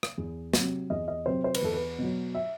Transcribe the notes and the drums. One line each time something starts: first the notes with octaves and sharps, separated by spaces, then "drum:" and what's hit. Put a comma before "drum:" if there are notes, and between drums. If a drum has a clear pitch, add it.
drum: rim click
E2
C3 F#3, drum: snare
E2 D#5
D#5
C3 F#3 C5
C5
B4, drum: cymbal
E2 A4
B4
B2 F#3
E5